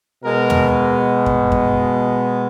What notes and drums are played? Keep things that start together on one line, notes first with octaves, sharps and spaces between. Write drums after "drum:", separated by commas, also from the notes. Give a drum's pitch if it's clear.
B2 G#3 A#4
drum: tom
drum: kick F#2
drum: kick F#2